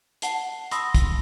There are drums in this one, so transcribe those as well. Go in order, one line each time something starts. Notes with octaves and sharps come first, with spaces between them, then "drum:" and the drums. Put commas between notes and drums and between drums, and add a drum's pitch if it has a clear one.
F#5 A5 C7, drum: hi-hat
B5 C6 D#6 E6 A#6, drum: hi-hat
drum: kick, hi-hat